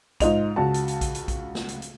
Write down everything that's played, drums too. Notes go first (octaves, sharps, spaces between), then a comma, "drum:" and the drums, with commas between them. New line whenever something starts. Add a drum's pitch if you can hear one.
G#2 F4 D#5 F7, drum: kick A#1, hi-hat
C#2 F#4 A5
drum: hi-hat
drum: hi-hat
drum: kick A#1, hi-hat
drum: hi-hat
drum: kick A#1, hi-hat
drum: snare
drum: hi-hat
drum: hi-hat